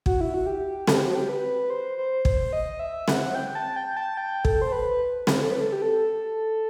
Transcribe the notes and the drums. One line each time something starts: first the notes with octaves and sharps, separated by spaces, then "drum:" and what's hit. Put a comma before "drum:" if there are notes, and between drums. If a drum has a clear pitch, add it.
F#4, drum: kick
E4
F#4
G4
A4, drum: snare C4
G4
F#4
G4
B4
C5
C5
C5, drum: kick
D#5
E5
F#5, drum: snare C4
G5
A5
G5
A5
G5
A4, drum: kick
C5
B4
drum: snare C4
A4
B4
A4
G4
A4